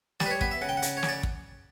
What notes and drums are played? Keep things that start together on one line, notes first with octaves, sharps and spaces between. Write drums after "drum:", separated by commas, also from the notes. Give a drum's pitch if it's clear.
G3 D5, drum: snare
B4
C#5
B3 B4, drum: kick
E5
C#3 F#5
G5
F#5
C#3, drum: hi-hat
C#5
C#3, drum: snare
D5
drum: kick